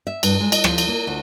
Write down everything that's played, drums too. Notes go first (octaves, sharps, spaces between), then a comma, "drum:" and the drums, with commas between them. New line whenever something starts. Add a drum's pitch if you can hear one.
E5
G2, drum: cymbal
G#3
D#5, drum: cymbal
F3, drum: rim click
drum: cymbal
A#3
D2